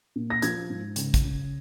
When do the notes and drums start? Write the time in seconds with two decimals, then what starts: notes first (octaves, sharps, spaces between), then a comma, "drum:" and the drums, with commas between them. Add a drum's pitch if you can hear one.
0.16 A#2
0.30 A#6
0.42 F3 G#6, drum: hi-hat
0.70 G#2
0.96 C#3, drum: hi-hat
1.14 drum: kick, hi-hat
1.23 C#3